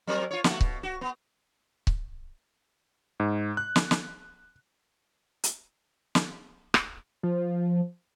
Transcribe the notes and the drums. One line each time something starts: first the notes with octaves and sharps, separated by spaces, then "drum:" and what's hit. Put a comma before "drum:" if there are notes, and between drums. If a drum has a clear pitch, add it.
F#3 C4 A#4
F4 C#5
A3 B3 F#4, drum: snare
B2, drum: kick C#1
F#4
B3
drum: kick C#1
G#2
F#6
drum: snare
drum: snare
drum: hi-hat
drum: snare
drum: rim click
F3